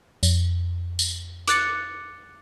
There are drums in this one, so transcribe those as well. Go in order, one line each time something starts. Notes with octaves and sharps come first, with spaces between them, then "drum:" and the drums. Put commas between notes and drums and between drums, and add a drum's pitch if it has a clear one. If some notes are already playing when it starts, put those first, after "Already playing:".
F2, drum: tambourine
drum: tambourine
D6 F#6 A6 C#7, drum: hi-hat